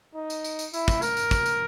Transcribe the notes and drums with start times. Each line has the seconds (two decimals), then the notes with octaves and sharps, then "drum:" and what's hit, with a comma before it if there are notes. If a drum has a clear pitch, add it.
0.15 D#4
0.30 drum: tambourine
0.44 drum: tambourine
0.59 drum: tambourine
0.73 E4, drum: tambourine
0.88 drum: kick, tambourine
1.02 A#4, drum: tambourine
1.17 drum: tambourine
1.31 drum: kick, tambourine
1.46 drum: tambourine